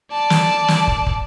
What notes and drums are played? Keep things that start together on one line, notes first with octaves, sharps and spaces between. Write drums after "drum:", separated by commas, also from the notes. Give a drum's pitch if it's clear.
D5 A5
drum: snare
drum: snare
drum: kick
drum: kick